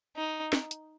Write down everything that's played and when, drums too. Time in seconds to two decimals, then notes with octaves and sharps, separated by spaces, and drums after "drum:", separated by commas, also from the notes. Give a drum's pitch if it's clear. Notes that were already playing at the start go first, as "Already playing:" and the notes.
0.17 D#4
0.53 drum: snare
0.71 drum: hi-hat